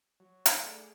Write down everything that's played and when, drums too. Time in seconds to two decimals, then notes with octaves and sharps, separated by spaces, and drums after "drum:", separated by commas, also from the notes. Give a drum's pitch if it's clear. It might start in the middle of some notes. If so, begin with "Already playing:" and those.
0.20 F#3
0.46 drum: hi-hat
0.61 A3 G#4 D5